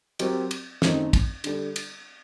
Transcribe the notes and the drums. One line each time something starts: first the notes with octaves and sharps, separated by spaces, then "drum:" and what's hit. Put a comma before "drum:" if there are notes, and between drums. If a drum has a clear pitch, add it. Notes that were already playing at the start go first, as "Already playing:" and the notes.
F#3 C4 G4 A#4, drum: cymbal
drum: cymbal
F#2 D#3 A3 C4 D#4, drum: snare
drum: kick, cymbal
D3 G3 D4 A4, drum: cymbal
drum: cymbal